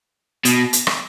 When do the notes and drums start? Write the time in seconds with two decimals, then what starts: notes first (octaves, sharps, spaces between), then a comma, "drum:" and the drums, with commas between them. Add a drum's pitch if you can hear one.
0.45 B2, drum: hi-hat
0.73 drum: hi-hat
0.87 drum: rim click